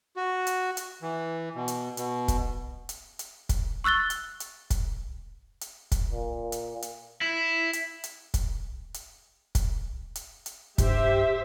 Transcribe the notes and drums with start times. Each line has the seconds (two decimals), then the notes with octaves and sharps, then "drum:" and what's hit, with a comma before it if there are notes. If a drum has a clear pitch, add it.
0.16 F#4
0.47 drum: hi-hat
0.77 drum: hi-hat
1.02 E3
1.55 B2
1.68 drum: hi-hat
1.97 B2, drum: hi-hat
2.28 drum: kick, hi-hat
2.89 drum: hi-hat
3.19 drum: hi-hat
3.49 drum: kick, hi-hat
3.84 C#6 E6 F#6 A6 G7
4.10 drum: hi-hat
4.40 drum: hi-hat
4.70 drum: kick, hi-hat
5.61 drum: hi-hat
5.92 drum: kick, hi-hat
6.12 A#2
6.52 drum: hi-hat
6.82 drum: hi-hat
7.21 E4
7.73 drum: hi-hat
8.04 drum: hi-hat
8.34 drum: kick, hi-hat
8.94 drum: hi-hat
9.55 drum: kick, hi-hat
10.15 drum: hi-hat
10.46 drum: hi-hat
10.78 G2 G4 C5 E5, drum: kick, hi-hat